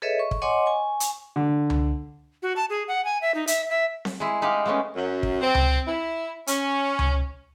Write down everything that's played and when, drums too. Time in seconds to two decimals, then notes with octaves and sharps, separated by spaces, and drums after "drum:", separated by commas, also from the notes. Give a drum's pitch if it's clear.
0.02 G#4 A4 B4 C#5 D#5 E5
0.19 C#6
0.31 drum: kick
0.42 C#5 D#5 F#5 G#5 C6 D6
0.66 G#5 C#6
1.00 drum: hi-hat
1.36 D3
1.70 drum: tom C#2
2.42 F#4
2.56 A5
2.70 G#4
2.88 F#5
3.05 G#5
3.22 E5
3.35 D#4
3.47 E5, drum: hi-hat
3.70 E5
4.05 drum: snare C4
4.20 G#3 E4 G#4
4.42 G#3 D#4 G4 D#5 F5
4.66 G#3 A3 B3 C#4
4.96 F#2
5.23 drum: kick
5.40 C4
5.55 drum: tom C#2
5.86 E4
6.47 C#4, drum: hi-hat
6.99 drum: tom C#2